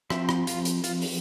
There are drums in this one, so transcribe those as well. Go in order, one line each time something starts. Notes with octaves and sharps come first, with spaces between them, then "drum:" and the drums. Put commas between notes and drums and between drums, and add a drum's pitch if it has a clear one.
F3 C4 E5, drum: rim click
drum: rim click
F4, drum: hi-hat
drum: hi-hat
F4, drum: hi-hat
drum: open hi-hat